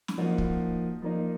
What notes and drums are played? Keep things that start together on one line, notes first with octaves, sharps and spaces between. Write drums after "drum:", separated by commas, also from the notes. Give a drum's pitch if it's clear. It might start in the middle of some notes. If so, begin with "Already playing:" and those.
drum: snare
F3 A#3 D#4 F#4
drum: kick
F3 A#3 D#4